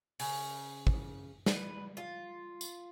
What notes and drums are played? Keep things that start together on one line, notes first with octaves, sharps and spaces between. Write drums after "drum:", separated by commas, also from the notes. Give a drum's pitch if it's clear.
C#3, drum: open hi-hat
drum: kick
B4, drum: snare
F4
drum: tambourine